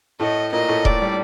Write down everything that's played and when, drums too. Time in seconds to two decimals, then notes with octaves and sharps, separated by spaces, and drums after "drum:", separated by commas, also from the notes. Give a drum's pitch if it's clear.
0.20 A2 A3 D#5
0.52 A#2 A#3 D#5
0.68 A2 A3
0.85 A2 A3 D5, drum: kick D#1
1.02 G3